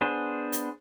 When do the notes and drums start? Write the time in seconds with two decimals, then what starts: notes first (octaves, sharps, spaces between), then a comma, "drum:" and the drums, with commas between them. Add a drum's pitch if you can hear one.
0.01 B3 D4 G#4 C5
0.52 drum: hi-hat